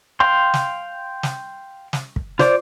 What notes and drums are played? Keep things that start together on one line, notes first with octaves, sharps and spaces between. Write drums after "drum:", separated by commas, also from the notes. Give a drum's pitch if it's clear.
F5 G5 C6
drum: snare
drum: snare
drum: snare
drum: kick
F4 C5 D5, drum: snare